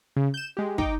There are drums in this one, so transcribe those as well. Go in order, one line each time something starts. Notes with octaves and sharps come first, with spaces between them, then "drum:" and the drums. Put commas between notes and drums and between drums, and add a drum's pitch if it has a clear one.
C#3
G6 E7
G#3 G4
D#4 G5 D6, drum: kick